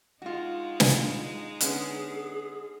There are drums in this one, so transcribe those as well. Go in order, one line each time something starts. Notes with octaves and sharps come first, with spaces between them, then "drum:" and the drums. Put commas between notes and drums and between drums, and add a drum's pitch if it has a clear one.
G#3 D#4 F4 F#4
drum: snare
D3 B3 C#4 G#4, drum: hi-hat